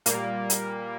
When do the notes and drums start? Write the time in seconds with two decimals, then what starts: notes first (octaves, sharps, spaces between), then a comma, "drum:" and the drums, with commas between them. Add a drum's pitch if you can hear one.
0.06 A#2 G3 A#3, drum: hi-hat
0.50 drum: hi-hat